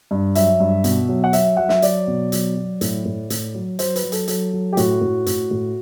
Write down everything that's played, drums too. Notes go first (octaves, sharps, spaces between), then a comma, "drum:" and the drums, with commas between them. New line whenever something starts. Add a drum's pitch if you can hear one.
G2
F#3 E5, drum: hi-hat
G2
B2, drum: hi-hat
F#3
F#5
F#3 E5, drum: hi-hat
F#3 F#5
E5, drum: snare
F#3 D5, drum: hi-hat
B2
F#3, drum: hi-hat
F#3
A2, drum: hi-hat
A2
A2, drum: hi-hat
F#3
F#3 C5, drum: hi-hat
B4, drum: hi-hat
F#3
A4, drum: hi-hat
F#3 A4, drum: hi-hat
F#3
G4
A2 F#4, drum: hi-hat
A2
A2, drum: hi-hat
A2